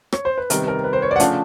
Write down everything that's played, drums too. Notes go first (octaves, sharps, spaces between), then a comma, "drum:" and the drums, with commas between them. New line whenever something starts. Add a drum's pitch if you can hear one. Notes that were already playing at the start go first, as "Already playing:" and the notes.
C#5, drum: rim click
C5
B4
C3 D#3 G3 B3 A#4, drum: hi-hat
A#4
B4
C5
C#5
D5
F#5
C#3 F3 A3 D4 F5, drum: hi-hat